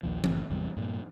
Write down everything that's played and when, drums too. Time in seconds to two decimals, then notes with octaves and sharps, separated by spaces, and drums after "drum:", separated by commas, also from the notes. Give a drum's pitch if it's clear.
0.03 A#1 D#2 A#2 F3
0.24 F#1 A2, drum: tom E3
0.50 G#1 E2 C3 G3
0.77 G2 A#2 G3